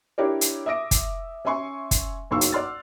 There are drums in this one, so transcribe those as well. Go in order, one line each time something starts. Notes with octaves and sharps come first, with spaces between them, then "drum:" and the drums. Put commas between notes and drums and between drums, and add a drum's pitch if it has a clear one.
D4 E4 G4 A#4 C#5 D5
drum: hi-hat
E5 D6 D#6 A#6 D7
drum: kick, hi-hat
C#4 E5 G#5 C6 C#6
drum: kick, hi-hat
F#1 B1 A#3 C6 C#6 E6
drum: hi-hat
D5 F#5 C6 F6 A6